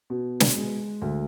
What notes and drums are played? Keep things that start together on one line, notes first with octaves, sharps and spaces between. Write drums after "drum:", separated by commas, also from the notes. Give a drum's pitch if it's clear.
B2
drum: snare
G#3
D2